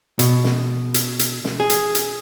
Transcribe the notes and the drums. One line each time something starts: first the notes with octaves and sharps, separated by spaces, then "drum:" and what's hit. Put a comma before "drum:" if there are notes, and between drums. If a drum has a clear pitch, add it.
B2, drum: hi-hat
drum: snare
drum: hi-hat
drum: hi-hat
drum: snare
G#4
drum: hi-hat
drum: hi-hat